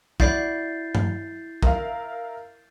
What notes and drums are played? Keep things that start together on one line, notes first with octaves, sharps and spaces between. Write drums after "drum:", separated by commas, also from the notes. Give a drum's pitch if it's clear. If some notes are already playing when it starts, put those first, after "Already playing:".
E4 F#4 D5 G6 A6 C7, drum: kick
drum: tom G2
A#4 E5 F5, drum: kick